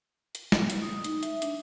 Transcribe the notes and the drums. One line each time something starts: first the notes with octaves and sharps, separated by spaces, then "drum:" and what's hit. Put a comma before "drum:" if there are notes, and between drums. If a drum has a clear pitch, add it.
drum: hi-hat
drum: snare
drum: hi-hat
D#6
D#4, drum: hi-hat
E5, drum: hi-hat
D4, drum: hi-hat